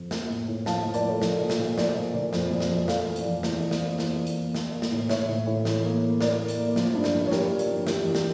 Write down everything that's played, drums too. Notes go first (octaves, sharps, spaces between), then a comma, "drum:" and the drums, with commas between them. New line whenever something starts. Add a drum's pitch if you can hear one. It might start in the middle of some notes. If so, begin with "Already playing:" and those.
Already playing: F2
A#3, drum: snare
A2
A2
F3 F5 A5, drum: snare
A2
A#4 D5, drum: hi-hat
F3 A4 C#5
F3, drum: snare
A#2
drum: snare
A#2
F3 A#4 D5, drum: snare
A#2
A#2
F2, drum: snare
F2
drum: snare
F2
A3 D5 F5, drum: snare
E3
drum: hi-hat
F2
E2, drum: snare
A#3
drum: snare
A#3
E2, drum: snare
A#3
drum: hi-hat
A#3
A#3, drum: snare
A#3
drum: snare
A2
A2 C#5 E5, drum: snare
A2
A2
E3, drum: snare
A#3
A#3
A#3 A#4 D5, drum: snare
A#3
drum: hi-hat
A#3
F3, drum: snare
G2
drum: snare
F3
C#5
F3 G4 A#4, drum: snare
F3
drum: hi-hat
G2
E3 G4 A#4, drum: snare
E2
drum: snare